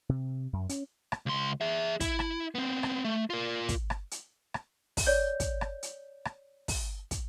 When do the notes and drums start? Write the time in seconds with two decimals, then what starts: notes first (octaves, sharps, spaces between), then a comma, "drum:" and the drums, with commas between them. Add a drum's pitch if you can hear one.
0.09 C3
0.53 F#2
0.69 C#4, drum: hi-hat
1.12 drum: rim click
1.26 C#2 C6
1.61 G#4 E5
2.00 E4, drum: kick, hi-hat
2.19 drum: rim click
2.55 B3 C4
2.83 drum: rim click
3.04 A3
3.30 F4 A#4
3.69 drum: kick, hi-hat
3.90 drum: rim click
4.11 drum: hi-hat
4.54 drum: rim click
4.97 drum: kick, open hi-hat
5.07 C#5 D5 G6
5.40 drum: kick, hi-hat
5.61 drum: rim click
5.83 drum: hi-hat
6.25 drum: rim click
6.68 drum: kick, open hi-hat
7.11 drum: kick, hi-hat